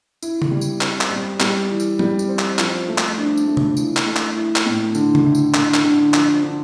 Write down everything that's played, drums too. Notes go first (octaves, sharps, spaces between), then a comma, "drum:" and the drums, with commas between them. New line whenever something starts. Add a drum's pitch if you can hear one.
E4, drum: tambourine
drum: tom C#3
G3
drum: tambourine
C4, drum: clap
drum: clap
G3
G3, drum: clap
E3
drum: tambourine
G3, drum: tom F3
drum: tambourine
C4
drum: clap
F3, drum: clap
A3
drum: clap
D4
drum: tambourine
A3
drum: tom C3
E3, drum: tambourine
drum: clap
A3
drum: clap
E4
drum: clap
A2
D3, drum: tambourine
drum: tom C#3
E4
drum: tambourine
D3, drum: clap
drum: clap
D3
F3, drum: clap
D3